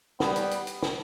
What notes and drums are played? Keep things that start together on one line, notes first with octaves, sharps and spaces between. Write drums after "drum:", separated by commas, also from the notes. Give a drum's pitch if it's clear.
G3 B3, drum: snare
drum: hi-hat
drum: hi-hat
drum: hi-hat
drum: snare